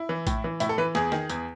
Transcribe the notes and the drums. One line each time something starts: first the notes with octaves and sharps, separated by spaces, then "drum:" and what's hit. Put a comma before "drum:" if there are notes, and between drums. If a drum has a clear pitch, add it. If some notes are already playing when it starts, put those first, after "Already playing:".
Already playing: E4
E3
A2, drum: kick A#1, hi-hat
E3
A2 E4, drum: hi-hat
A4
E3 B4
E2 G#4, drum: snare
D#3, drum: snare
E2, drum: hi-hat